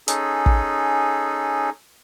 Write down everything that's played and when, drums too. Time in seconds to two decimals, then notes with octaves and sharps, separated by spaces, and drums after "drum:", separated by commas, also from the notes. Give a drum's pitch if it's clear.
0.08 C#4 D#4 G#4 A4, drum: hi-hat
0.46 drum: kick